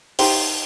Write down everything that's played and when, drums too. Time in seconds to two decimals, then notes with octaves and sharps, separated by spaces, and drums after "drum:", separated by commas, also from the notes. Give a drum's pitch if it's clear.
0.19 D#4 G4 C5 G5 C6, drum: open hi-hat